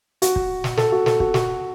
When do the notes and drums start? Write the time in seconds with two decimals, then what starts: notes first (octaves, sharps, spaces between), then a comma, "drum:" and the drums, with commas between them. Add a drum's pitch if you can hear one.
0.22 F#4, drum: hi-hat
0.36 drum: kick
0.64 drum: snare
0.77 A4, drum: snare
0.92 F#4
1.06 A4, drum: snare
1.20 F#4, drum: kick
1.34 F#4, drum: snare